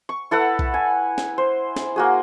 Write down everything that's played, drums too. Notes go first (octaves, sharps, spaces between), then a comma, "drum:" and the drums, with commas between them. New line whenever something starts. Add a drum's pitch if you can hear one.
C#6
E4 A4 B4 F#5
drum: kick B1
G#5
drum: snare
C5
drum: snare
A#3 F#4 G#4